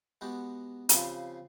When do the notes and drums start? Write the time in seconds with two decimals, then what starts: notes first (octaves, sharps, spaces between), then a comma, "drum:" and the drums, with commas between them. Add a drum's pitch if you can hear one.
0.21 G#3 B3 F#4 G4
0.89 C#3 F3 C4 F4 G4 B5, drum: hi-hat